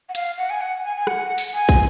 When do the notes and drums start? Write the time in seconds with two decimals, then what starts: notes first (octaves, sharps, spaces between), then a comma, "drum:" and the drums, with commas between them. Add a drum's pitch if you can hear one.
0.09 F#5
0.15 F5, drum: hi-hat
0.38 F#5
0.50 G#5
0.61 F#5
0.84 G#5
0.97 G#5
1.07 F#5, drum: rim click
1.38 drum: open hi-hat
1.54 G#5
1.69 drum: kick, hi-hat